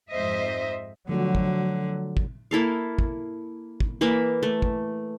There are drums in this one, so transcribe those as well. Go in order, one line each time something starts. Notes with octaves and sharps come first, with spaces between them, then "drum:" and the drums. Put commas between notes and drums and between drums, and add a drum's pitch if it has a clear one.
F2 G#2 C5 D#5 E5
D3 F3 F#3 A3 F#4
drum: kick
drum: kick
A#3 E4 A4 F5
drum: kick
drum: kick
E3 A#3 E5 B5
A3
drum: kick